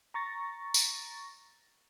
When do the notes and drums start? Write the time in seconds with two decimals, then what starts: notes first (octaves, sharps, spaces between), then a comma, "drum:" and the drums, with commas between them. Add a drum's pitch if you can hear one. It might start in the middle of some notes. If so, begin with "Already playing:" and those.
0.14 A#5 C#6 A6 A#6
0.74 drum: tambourine